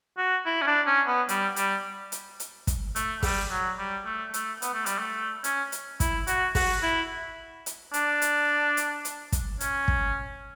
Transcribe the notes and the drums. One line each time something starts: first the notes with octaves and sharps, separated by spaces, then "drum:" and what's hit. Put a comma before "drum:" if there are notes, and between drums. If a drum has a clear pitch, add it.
F#4
E4
C#4
D4
C#4
B3
G3, drum: hi-hat
G3, drum: hi-hat
drum: hi-hat
drum: hi-hat
drum: kick, hi-hat
A3, drum: hi-hat
G3, drum: kick, open hi-hat
F#3
G3
A3
A3, drum: hi-hat
B3, drum: hi-hat
A3
G3, drum: hi-hat
A3
C#4, drum: hi-hat
drum: hi-hat
E4, drum: kick, hi-hat
F#4, drum: hi-hat
F#4, drum: kick, open hi-hat
E4
drum: hi-hat
D4, drum: hi-hat
drum: hi-hat
drum: hi-hat
drum: hi-hat
drum: kick, hi-hat
C#4, drum: hi-hat
drum: kick